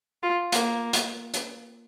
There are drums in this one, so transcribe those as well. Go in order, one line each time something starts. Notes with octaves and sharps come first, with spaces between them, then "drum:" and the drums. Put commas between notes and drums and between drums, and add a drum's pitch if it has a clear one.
F4
A#3, drum: hi-hat
drum: hi-hat
drum: hi-hat